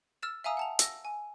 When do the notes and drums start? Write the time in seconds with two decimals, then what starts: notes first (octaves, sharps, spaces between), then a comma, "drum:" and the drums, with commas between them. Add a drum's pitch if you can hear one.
0.23 E6 F6 A6 E7
0.44 E5 F5 G#5 A#5 D#6 E6
0.57 F#5 A5 F7
0.79 E6 A#6, drum: hi-hat
1.05 G#5